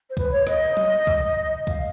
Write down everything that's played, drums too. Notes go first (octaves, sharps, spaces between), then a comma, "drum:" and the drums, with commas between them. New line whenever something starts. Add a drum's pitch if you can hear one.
C5
B4, drum: kick
C#5
D#5, drum: rim click
drum: tom F#3
drum: kick
F5, drum: kick